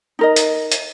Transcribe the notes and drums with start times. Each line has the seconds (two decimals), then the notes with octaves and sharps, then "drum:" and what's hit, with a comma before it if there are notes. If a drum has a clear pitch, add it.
0.19 D#4 A#4 D#5
0.36 drum: hi-hat
0.72 drum: hi-hat